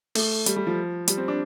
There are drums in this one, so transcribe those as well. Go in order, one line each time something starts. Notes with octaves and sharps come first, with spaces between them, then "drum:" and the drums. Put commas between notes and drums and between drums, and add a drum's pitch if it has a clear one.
A3, drum: open hi-hat
G3, drum: hi-hat
G3
F3
G3, drum: hi-hat
C4
D4